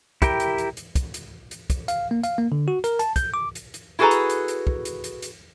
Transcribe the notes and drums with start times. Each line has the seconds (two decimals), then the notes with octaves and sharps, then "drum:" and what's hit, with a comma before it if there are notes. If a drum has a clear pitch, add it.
0.22 E4 G4 A#4 G5, drum: kick, hi-hat
0.40 drum: hi-hat
0.58 drum: hi-hat
0.77 drum: hi-hat
0.95 drum: kick, hi-hat
1.14 drum: hi-hat
1.51 drum: hi-hat
1.70 drum: kick, hi-hat
1.88 F5, drum: hi-hat
2.11 A#3
2.24 F5, drum: hi-hat
2.38 A#3
2.52 D3
2.68 F#4
2.84 A#4, drum: hi-hat
2.99 A5, drum: hi-hat
3.16 G6, drum: kick, hi-hat
3.34 D6
3.55 drum: hi-hat
3.74 drum: hi-hat
3.99 E4 F#4 G#4 A4 B4 A#5
4.11 drum: hi-hat
4.30 drum: hi-hat
4.48 drum: hi-hat
4.67 drum: kick
4.85 drum: hi-hat
5.04 drum: hi-hat
5.22 drum: hi-hat